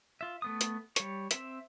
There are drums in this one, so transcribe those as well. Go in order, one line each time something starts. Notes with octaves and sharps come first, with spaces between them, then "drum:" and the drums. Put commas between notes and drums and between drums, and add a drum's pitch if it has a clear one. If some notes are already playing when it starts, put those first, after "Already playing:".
F4 E5
A3 B3 D#6
drum: hi-hat
G3 C#5, drum: hi-hat
C4 E5, drum: hi-hat